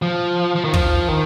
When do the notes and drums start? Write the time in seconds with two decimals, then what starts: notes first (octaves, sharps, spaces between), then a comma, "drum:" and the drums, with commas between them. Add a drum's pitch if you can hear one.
0.02 F3
0.56 F3
0.65 D#3
0.74 F3, drum: kick
1.08 D#3